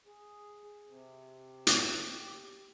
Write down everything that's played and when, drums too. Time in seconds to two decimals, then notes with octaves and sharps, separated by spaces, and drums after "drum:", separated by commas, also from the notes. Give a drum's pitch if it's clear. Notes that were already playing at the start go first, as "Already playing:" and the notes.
0.06 G#4
0.87 C3
1.67 drum: hi-hat
2.05 G4